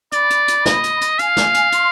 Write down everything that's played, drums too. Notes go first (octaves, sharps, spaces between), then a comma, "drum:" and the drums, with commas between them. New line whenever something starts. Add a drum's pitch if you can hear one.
D5 B5, drum: hi-hat
drum: hi-hat
drum: hi-hat
D#5, drum: snare
drum: hi-hat
drum: hi-hat
F5 G#5, drum: hi-hat
drum: snare
drum: hi-hat
C6, drum: hi-hat